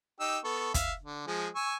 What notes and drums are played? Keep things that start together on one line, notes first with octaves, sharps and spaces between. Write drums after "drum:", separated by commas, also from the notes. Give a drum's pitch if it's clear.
D#4 G4 E6
B3 A4 C#6
E5 F5, drum: kick, hi-hat
D3
F3 G#3 G#4
G#5 C#6 E6